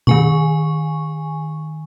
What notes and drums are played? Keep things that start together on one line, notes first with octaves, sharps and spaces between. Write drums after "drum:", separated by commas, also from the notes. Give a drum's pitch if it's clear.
D#3 G#5 C#6, drum: tom B2